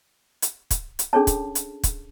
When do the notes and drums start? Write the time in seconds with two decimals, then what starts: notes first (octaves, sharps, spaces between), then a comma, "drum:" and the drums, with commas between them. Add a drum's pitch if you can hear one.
0.42 drum: hi-hat
0.71 drum: kick, hi-hat
0.99 drum: hi-hat
1.13 C#4 D4 G#4 A4 C#5 A5
1.27 drum: kick, hi-hat
1.55 drum: hi-hat
1.84 drum: kick, hi-hat